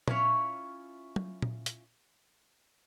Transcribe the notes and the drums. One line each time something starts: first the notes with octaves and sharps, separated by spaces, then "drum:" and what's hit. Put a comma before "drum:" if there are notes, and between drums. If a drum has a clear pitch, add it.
C#4 E4 F4 C#5, drum: tom
drum: tom
drum: tom A#2
drum: hi-hat